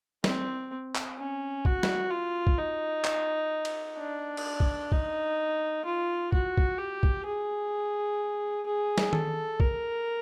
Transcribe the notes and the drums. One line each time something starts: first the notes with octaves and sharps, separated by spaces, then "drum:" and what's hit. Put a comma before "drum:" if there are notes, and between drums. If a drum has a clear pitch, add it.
C4, drum: snare
drum: clap
C#4
F#4, drum: kick
drum: snare
F4
drum: kick
D#4
drum: clap
drum: cymbal
D4
drum: cymbal
drum: kick
D#4, drum: kick
F4
F#4, drum: kick
drum: kick
G4
drum: kick
G#4
G#4
drum: snare
A4, drum: tom D#3
A#4, drum: kick